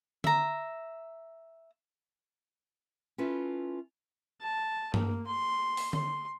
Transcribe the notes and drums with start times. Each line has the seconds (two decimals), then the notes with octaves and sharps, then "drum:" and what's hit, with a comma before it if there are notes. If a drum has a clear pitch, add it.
0.24 E5 A#5, drum: tom D3
3.18 C#4 E4 F4 A4 B4
4.41 A5
4.94 A#3, drum: tom G2
5.26 C6
5.77 drum: open hi-hat
5.93 C6, drum: tom D3